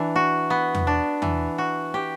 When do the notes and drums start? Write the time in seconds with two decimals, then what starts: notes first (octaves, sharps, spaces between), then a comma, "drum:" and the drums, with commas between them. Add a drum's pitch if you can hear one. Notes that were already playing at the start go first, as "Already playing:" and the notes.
Already playing: E3 D4
0.16 F#4
0.50 B3
0.75 drum: tom E2
0.87 D4
1.22 E3, drum: tom E2
1.58 F#4
1.94 G4